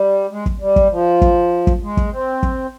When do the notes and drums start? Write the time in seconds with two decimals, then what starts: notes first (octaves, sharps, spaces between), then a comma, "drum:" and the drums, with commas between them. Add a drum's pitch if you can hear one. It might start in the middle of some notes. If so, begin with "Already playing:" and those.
Already playing: G3
0.31 G#3
0.46 drum: kick
0.61 G3
0.76 drum: kick
0.91 F3
1.22 drum: kick
1.67 drum: kick
1.83 G#3
1.97 drum: kick
2.12 C4
2.43 drum: kick